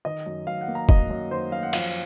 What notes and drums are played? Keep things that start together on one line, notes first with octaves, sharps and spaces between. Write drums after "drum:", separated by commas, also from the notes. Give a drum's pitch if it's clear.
D#3 D#5
F#2
F#2 F5
F#5
A#3
A#5
F#2 D#5, drum: kick
F#2
D#3 C5
F#2 F5
F#5
F3 F5, drum: cymbal